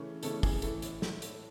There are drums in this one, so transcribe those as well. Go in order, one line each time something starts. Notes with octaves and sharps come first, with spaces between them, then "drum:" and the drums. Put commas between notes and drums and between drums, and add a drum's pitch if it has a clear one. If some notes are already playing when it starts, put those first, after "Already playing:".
Already playing: C#3 E3 A3 C#4
C#3 E3 A3 C#4 A4, drum: hi-hat
G#4, drum: kick, open hi-hat
A2 E3 A4, drum: hi-hat
drum: hi-hat
drum: snare
drum: hi-hat